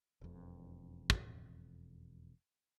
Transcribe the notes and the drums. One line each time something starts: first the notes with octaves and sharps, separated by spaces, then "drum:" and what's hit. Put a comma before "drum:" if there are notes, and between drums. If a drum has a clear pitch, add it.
E1 F2
drum: kick